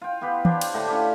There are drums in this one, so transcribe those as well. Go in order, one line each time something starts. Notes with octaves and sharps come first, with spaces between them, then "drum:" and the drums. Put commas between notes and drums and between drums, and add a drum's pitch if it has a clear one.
F4 G5
B3 F4 G4 B4
D4 G4 C5 C#5, drum: tom
drum: cymbal
A2 D3 E4
C#4 D4 F4 G4